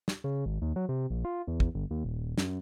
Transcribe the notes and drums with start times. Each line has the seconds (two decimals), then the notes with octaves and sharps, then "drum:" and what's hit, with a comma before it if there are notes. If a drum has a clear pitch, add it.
0.08 drum: snare
0.24 C#3
0.46 G#1
0.62 D#2
0.76 F#3
0.89 C3
1.10 A#1
1.25 F4
1.48 E2
1.60 drum: kick
1.75 G1
1.91 D#2
2.05 D#1
2.38 F#2, drum: snare